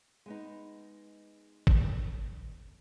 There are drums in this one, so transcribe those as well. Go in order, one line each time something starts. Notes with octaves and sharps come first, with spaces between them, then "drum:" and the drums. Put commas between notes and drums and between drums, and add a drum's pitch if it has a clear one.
G#3 B3 D#4
drum: kick